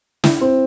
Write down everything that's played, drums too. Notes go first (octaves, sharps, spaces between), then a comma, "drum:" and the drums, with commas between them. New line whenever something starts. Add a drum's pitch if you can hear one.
E4, drum: snare
C4